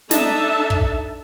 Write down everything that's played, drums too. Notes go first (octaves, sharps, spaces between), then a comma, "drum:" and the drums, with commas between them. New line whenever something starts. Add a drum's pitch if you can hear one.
D4 D#4 A4 E5 A5, drum: snare
drum: kick